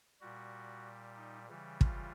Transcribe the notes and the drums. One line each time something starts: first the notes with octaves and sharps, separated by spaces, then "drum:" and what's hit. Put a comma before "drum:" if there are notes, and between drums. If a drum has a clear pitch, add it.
A#2 G3 F#4
D#4
C#3 E3 G3
F4, drum: kick